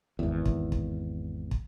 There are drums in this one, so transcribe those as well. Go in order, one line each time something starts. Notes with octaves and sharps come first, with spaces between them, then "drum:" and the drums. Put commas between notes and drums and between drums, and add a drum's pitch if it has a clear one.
G#1 E2
drum: kick
drum: kick
drum: kick